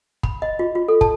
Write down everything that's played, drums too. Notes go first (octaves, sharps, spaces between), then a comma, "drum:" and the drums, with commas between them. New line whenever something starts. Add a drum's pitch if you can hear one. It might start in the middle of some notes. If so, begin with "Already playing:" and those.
B5, drum: kick
D#5
F4
F4
A4
A5, drum: kick